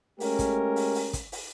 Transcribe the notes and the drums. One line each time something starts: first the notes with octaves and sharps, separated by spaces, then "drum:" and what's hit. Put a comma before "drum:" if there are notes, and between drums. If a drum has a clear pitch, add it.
G#3 A3 C#4 G4 A#4, drum: open hi-hat
drum: kick, hi-hat
drum: open hi-hat
drum: open hi-hat
drum: kick, hi-hat
drum: open hi-hat